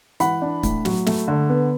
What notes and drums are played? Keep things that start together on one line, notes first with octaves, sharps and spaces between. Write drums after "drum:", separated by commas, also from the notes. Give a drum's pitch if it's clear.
E3 F#5 B5, drum: hi-hat
D4
A2, drum: kick, hi-hat
F#3, drum: snare
A3, drum: snare
D3
B3